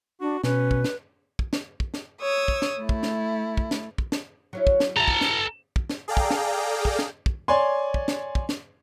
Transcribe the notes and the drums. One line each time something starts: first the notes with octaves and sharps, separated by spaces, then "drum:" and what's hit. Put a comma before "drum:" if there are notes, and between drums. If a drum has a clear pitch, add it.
D4 F#4
B2 C#4 B4, drum: snare
drum: kick
drum: snare
drum: kick
drum: snare
drum: kick
drum: snare
C#5 D#6 E6
drum: kick
drum: snare
A3 E4
drum: kick
drum: snare
drum: kick
drum: snare
drum: kick
drum: snare
F#3 C#4 E4
drum: kick
drum: snare
E4 F#4 G#4 A4 A#5
drum: kick
drum: snare
drum: kick
drum: snare
G#4 A4 D5 F5 G5 A#5
drum: kick
drum: snare
drum: kick
drum: snare
drum: kick
C#5 D5 G#5 C6
drum: kick
drum: snare
drum: kick
drum: snare